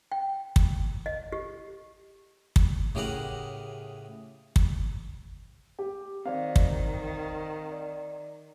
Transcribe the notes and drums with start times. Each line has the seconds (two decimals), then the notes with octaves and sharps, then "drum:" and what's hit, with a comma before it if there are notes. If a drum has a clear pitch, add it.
0.12 G5
0.56 drum: kick
1.06 D#5
1.32 G4
2.56 drum: kick
2.95 A2 C#3 G4 G#4 A#4 F#5
4.56 drum: kick
5.79 G4
6.26 D#3 C4 C5 D5 F5
6.56 drum: kick
7.72 D5